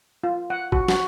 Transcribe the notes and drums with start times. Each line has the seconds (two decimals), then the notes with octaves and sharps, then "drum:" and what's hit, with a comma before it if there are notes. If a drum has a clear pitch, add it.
0.24 F4
0.50 F#5
0.72 F#4, drum: kick G#1
0.88 F#4, drum: snare